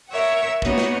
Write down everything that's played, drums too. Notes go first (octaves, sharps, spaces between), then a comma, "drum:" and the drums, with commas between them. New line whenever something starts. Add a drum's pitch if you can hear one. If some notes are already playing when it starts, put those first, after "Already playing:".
A#4 C#5 E5 F#5
A#3 B3 D#4 F#4 C#5 D#5, drum: kick
drum: snare